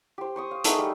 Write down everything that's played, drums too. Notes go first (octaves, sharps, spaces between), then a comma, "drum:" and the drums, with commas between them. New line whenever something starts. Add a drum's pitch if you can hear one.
G4 C5
C5 C#6 D#6
F5
A3 D#4 G#4 F#5, drum: hi-hat
G3